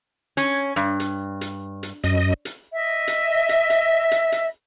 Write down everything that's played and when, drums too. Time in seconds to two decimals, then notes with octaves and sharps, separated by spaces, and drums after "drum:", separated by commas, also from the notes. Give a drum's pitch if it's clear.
0.37 C#4, drum: hi-hat
0.76 G2
1.00 drum: hi-hat
1.41 drum: hi-hat
1.83 drum: hi-hat
2.04 F#2 D#5, drum: hi-hat
2.45 drum: hi-hat
2.73 D#5 E5
3.08 drum: hi-hat
3.49 drum: hi-hat
3.70 drum: hi-hat
4.11 drum: hi-hat
4.32 drum: hi-hat